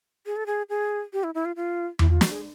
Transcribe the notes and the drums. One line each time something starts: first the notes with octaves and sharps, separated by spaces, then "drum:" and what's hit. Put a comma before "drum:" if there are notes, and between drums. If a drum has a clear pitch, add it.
G#4
A4
G#4
G#4
G4
E4
E4
F4
F4
E4, drum: tom E2
F4
F#4, drum: snare
G#4